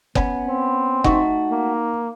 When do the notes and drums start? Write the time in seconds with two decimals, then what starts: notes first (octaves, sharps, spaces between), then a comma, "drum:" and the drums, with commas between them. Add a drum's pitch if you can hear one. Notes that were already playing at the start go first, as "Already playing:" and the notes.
0.15 B3 C#4, drum: kick F#1
0.48 C4
1.04 A3 D#4 F#4, drum: kick F#1
1.51 A#3